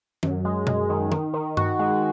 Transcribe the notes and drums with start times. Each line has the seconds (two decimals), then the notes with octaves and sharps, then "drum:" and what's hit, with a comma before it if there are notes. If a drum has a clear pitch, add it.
0.23 F#2, drum: tom D#3
0.45 G#3
0.67 G#3, drum: tom B2
0.90 D#3
1.12 D#3, drum: tom D#3
1.34 D#3
1.57 F#4, drum: tom G2
1.79 G#3